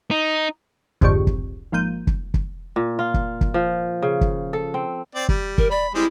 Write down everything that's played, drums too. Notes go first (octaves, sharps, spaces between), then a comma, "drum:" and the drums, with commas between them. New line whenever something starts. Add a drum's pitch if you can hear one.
D#4
C2 F2 G#2 D3 G4 C#6, drum: kick
drum: kick
G#1 F3 A#3 G6 D#7
drum: kick
drum: kick
A#2
F4
drum: kick
drum: kick
F3
C#3
drum: kick
A4
C4
C4 D5
G3, drum: kick
A#4, drum: kick
D5 B5
G3 G#3 C4 E4